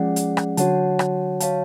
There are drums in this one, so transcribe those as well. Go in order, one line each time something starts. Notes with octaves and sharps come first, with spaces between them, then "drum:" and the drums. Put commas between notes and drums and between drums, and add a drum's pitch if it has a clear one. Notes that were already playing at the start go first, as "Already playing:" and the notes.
Already playing: F3 G#3 C#4 G#4 D5 F#5
drum: hi-hat
drum: rim click
D3 F#3 F#4 C#5 F#5 A5, drum: hi-hat
drum: rim click
F#4 C#5 F5 A5, drum: hi-hat